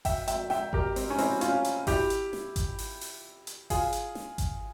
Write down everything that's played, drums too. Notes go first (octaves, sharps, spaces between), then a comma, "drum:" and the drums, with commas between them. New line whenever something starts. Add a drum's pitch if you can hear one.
E5 G5, drum: kick G#1, open hi-hat
E5 G5, drum: hi-hat
E5 G5, drum: snare
G4 A#4, drum: kick G#1
C4, drum: open hi-hat
C#4
C4 E4, drum: open hi-hat
C#4 F4, drum: hi-hat
drum: hi-hat
E4 G4, drum: kick G#1, open hi-hat
drum: hi-hat
drum: snare
drum: kick G#1, hi-hat
drum: open hi-hat
drum: open hi-hat
drum: hi-hat
F4 G#4, drum: kick G#1, open hi-hat
drum: hi-hat
drum: snare
drum: kick G#1, hi-hat